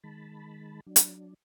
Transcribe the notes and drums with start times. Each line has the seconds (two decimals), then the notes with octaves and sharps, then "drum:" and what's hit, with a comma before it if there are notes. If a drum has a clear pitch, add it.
0.04 D#3 G#3 A5 B5
0.87 F#3 D4
0.96 drum: hi-hat